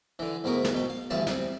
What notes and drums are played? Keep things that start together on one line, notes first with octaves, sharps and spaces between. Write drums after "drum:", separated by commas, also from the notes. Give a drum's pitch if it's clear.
D3 E3
D2 G#2 B3 A#4 C#6
drum: snare
B2 G5
F5
D2 G2 E3 G#4 A5
G3 C4, drum: snare